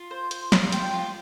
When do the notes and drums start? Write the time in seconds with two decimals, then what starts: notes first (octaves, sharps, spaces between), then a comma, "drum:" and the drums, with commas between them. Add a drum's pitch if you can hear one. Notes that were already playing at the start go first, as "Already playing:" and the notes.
Already playing: F4
0.11 C5
0.31 C5, drum: hi-hat
0.52 F4, drum: snare
0.72 G5, drum: hi-hat
0.94 F4